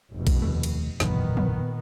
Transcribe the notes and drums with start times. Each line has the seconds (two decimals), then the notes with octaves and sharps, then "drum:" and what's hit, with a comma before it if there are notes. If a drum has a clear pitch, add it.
0.11 F1 B2
0.27 drum: kick A#1, cymbal
0.42 D#2 A3
0.63 drum: cymbal
1.00 F#1 B1 E2 A#2 D#3 B3, drum: snare
1.37 drum: tom